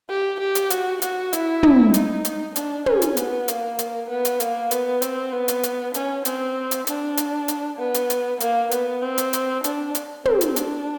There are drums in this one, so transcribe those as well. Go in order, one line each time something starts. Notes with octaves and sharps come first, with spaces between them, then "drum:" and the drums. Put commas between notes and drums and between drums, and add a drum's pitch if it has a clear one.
G4
G4
drum: hi-hat
F#4, drum: hi-hat
F#4, drum: hi-hat
E4, drum: hi-hat
drum: tom
D#4, drum: hi-hat
drum: hi-hat
D4, drum: hi-hat
C#4, drum: tom
drum: hi-hat
B3, drum: hi-hat
A#3, drum: hi-hat
drum: hi-hat
B3
drum: hi-hat
A#3, drum: hi-hat
B3, drum: hi-hat
C4, drum: hi-hat
B3
drum: hi-hat
drum: hi-hat
C#4, drum: hi-hat
C4, drum: hi-hat
drum: hi-hat
D4, drum: hi-hat
drum: hi-hat
drum: hi-hat
B3
drum: hi-hat
drum: hi-hat
A#3, drum: hi-hat
B3, drum: hi-hat
C4
drum: hi-hat
drum: hi-hat
D4, drum: hi-hat
drum: hi-hat
C4, drum: tom
drum: hi-hat
D4, drum: hi-hat